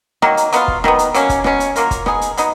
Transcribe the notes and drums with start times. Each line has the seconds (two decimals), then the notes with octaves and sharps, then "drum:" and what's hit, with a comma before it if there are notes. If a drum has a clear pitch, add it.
0.22 D#3 F#3 A#3, drum: rim click
0.37 drum: hi-hat
0.53 F#3 B3 F4, drum: hi-hat
0.68 drum: kick
0.84 D#3 F#3 B3, drum: rim click
0.99 drum: hi-hat
1.14 F#3 A#3 C#4, drum: hi-hat
1.29 drum: kick, hi-hat
1.44 B2 F#3 C#4, drum: rim click
1.60 drum: hi-hat
1.76 F#3 A#3 F4 A#4, drum: hi-hat
1.91 drum: kick, hi-hat
2.06 B3 D#4 G#4, drum: rim click
2.21 drum: hi-hat
2.37 F#3 B3 D#4, drum: hi-hat